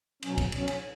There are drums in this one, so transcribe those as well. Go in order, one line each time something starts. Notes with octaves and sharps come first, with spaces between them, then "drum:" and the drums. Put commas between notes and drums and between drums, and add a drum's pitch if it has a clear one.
B2 F#3 C#4, drum: cymbal
drum: kick, cymbal
B2 F#3 C#4, drum: cymbal
drum: cymbal